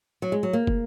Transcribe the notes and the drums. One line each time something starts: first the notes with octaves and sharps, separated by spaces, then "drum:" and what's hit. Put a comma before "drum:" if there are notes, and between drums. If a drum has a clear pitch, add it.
F#3
G#3
F#3
A#3
drum: kick